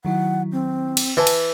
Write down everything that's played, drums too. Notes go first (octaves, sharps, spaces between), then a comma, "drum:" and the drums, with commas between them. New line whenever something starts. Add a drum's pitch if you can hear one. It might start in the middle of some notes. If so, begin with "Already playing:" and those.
D#3 F#3 E4 F#5
C4
drum: cymbal
E3 G#5 A5
drum: cymbal